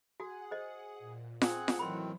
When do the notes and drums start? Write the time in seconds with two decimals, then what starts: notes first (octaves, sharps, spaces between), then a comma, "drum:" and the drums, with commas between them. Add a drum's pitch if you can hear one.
0.20 F#4 G#4 F#5
0.51 C5 D#5
0.99 A#2
1.42 C4 G#4 F#5 F#6, drum: snare F4
1.68 drum: snare F4
1.79 A2 D#3 E3 F#3 C4 B5 C6